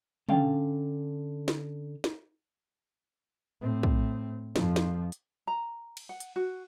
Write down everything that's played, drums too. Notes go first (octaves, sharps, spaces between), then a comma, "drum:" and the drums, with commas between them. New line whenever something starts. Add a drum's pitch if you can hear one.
D3 C#4 F5 G5, drum: tom
drum: snare
drum: snare
A2 C4
drum: kick
F2 F3, drum: snare
drum: snare
drum: hi-hat
A#5
drum: cymbal
F#5
drum: hi-hat
F#4